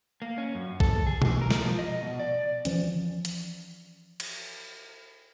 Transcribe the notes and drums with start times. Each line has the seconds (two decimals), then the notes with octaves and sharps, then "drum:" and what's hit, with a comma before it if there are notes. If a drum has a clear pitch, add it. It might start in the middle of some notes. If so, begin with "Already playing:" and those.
0.22 A#3
0.38 C#4
0.55 F#2
0.80 A4, drum: kick A#1
1.07 G#4
1.22 E3, drum: tom B2
1.41 A#4
1.51 drum: snare
1.60 F3
1.79 D#5
2.02 B2
2.19 D5
2.65 E3 F3 C#4, drum: hi-hat
3.25 drum: hi-hat
4.20 drum: cymbal